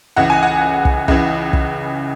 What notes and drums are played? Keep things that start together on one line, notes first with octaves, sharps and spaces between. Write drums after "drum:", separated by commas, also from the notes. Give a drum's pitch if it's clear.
C#2 C#3 E3 F#5
G#5
F#5
drum: kick
C#2 C#3 E3, drum: kick
drum: kick